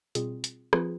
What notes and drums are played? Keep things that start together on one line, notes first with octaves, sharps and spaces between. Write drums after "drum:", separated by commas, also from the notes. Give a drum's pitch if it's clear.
B2 G3 C4 F4 G#4, drum: hi-hat
drum: hi-hat
F3 C4 F4 G#4 B4, drum: rim click